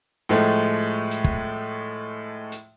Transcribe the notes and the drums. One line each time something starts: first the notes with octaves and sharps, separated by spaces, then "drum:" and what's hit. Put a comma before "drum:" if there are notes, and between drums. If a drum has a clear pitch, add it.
A2 F3 G#3 A3
drum: hi-hat
drum: kick
drum: hi-hat